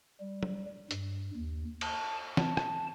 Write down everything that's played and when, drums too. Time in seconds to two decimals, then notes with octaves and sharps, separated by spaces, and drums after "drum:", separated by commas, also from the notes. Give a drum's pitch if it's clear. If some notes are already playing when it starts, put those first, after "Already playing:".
0.20 G3
0.43 drum: tom
0.91 G2, drum: hi-hat
1.37 D#2
1.81 A5, drum: cymbal
2.37 A5, drum: snare
2.57 drum: rim click